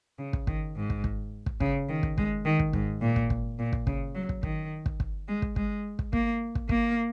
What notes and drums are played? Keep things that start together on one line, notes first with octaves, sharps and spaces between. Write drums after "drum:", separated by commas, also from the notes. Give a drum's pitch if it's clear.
C#3
drum: kick
D#3, drum: kick
G#2
drum: kick
drum: kick
drum: kick
C#3, drum: kick
D#3
drum: kick
G#3, drum: kick
D#3
drum: kick
G#2, drum: kick
A#2
drum: kick
drum: kick
A#2
drum: kick
C#3, drum: kick
F#3
drum: kick
D#3, drum: kick
drum: kick
drum: kick
G#3
drum: kick
G#3, drum: kick
drum: kick
A#3, drum: kick
drum: kick
A#3, drum: kick